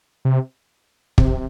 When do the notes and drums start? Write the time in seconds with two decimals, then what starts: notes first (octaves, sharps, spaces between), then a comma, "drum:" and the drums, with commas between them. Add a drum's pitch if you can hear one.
0.25 C3
1.18 C3, drum: kick